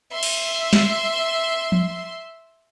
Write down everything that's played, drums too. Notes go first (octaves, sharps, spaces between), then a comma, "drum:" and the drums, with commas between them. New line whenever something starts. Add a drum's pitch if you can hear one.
E5 C6
drum: cymbal
drum: snare
drum: tom F3